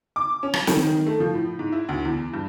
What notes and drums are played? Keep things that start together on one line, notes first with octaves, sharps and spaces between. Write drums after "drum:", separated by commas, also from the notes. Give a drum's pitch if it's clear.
D6
C#4
drum: rim click
D#3, drum: snare
D#3
A3
F3
A2
G#2
E4
D2
E2
G2